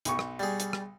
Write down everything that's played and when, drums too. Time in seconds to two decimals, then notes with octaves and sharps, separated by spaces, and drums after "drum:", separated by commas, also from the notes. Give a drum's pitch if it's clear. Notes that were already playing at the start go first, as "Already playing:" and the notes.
0.05 B1 C#6, drum: hi-hat
0.19 drum: rim click
0.39 G3 G#4
0.60 drum: hi-hat
0.73 drum: rim click